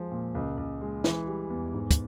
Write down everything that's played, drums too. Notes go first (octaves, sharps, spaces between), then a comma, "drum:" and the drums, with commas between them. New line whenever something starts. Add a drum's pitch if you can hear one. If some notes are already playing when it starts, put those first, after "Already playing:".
Already playing: F3 G#3
A#2
C#2
C#2
G#3
E3, drum: snare
G3
E2
G#2
drum: kick, hi-hat